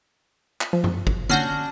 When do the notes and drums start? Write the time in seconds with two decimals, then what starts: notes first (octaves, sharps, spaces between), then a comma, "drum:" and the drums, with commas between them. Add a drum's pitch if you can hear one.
0.61 drum: clap
0.73 F3
0.84 drum: tom F#2
1.07 drum: kick
1.30 C#4 D4 F#4 G6 A#6 C7, drum: tom D3